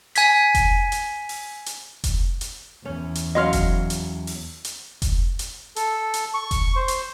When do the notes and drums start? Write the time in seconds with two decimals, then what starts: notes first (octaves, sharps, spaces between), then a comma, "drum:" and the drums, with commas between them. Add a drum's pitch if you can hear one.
0.15 G#5 G#6 B6, drum: hi-hat
0.55 drum: kick F1, hi-hat
0.92 drum: hi-hat
1.29 drum: open hi-hat
1.66 drum: hi-hat
2.04 drum: kick F1, hi-hat
2.41 drum: hi-hat
2.85 E2 C#4
3.15 drum: hi-hat
3.35 F#3 C#4 D#5 F5 C6 F6
3.53 drum: kick F1, hi-hat
3.90 drum: hi-hat
4.27 drum: open hi-hat
4.64 drum: hi-hat
5.02 drum: kick F1, hi-hat
5.39 drum: hi-hat
5.76 A4, drum: hi-hat
6.14 drum: hi-hat
6.34 C#6
6.51 drum: kick F1, hi-hat
6.76 C5
6.88 drum: hi-hat